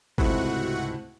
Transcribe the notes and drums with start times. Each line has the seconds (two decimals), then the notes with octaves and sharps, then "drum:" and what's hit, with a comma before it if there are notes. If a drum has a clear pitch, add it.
0.18 C#2 G#2 C3 A3 C4 E4 F#4 F#5, drum: kick G#1